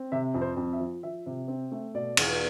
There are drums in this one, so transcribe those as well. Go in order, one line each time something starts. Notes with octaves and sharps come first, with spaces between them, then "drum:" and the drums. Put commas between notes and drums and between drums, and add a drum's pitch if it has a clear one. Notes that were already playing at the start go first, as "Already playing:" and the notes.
Already playing: C4
C3 E5
F2
C5
F2
E5
F3
F3 E5
C3
C4
A3
B2 D5
E2, drum: cymbal